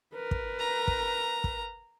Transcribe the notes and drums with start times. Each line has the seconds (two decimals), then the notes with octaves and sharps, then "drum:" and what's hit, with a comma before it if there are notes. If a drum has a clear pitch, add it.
0.14 A#4 B4
0.31 drum: kick
0.59 A#5
0.88 drum: kick
1.44 drum: kick